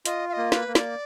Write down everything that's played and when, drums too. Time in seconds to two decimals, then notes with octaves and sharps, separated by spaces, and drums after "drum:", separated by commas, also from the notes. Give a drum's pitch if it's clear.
0.05 F4 D#5, drum: hi-hat
0.29 F5
0.33 A#3 D#5
0.52 B4, drum: snare
0.68 A#3
0.75 D5, drum: snare